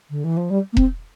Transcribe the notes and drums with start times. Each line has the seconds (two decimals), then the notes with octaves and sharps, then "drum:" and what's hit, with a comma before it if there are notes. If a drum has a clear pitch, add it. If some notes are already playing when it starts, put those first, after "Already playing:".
0.10 D3
0.24 E3
0.37 F3
0.50 G3
0.73 A#3
0.77 C4, drum: kick E1